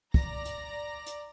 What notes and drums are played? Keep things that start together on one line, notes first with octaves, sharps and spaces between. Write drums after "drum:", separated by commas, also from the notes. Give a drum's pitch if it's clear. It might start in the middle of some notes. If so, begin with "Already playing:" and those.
D5 A#5 A#6, drum: kick
drum: hi-hat
drum: hi-hat